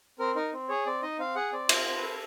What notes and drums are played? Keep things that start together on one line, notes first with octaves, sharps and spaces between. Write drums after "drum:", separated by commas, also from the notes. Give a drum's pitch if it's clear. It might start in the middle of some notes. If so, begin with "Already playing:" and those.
C4 A#4
D#4 A#4
C4
G#4 C#5
C4 D5
D#4 D#5
C4 F5
G#4 F#5
C4 D5
F4, drum: cymbal
C4
B4
A4